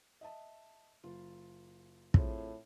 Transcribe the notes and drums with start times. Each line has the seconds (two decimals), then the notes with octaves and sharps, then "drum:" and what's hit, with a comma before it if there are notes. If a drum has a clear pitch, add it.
0.21 D#5 E5 A5
1.03 F#1 F4
2.14 A2 C4 F4 G#4, drum: kick